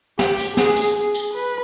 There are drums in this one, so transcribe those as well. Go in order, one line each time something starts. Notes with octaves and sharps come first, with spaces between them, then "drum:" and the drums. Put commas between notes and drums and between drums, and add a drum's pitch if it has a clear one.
G4, drum: snare
drum: tambourine
G#4, drum: snare
drum: tambourine
G#4
drum: tambourine
B4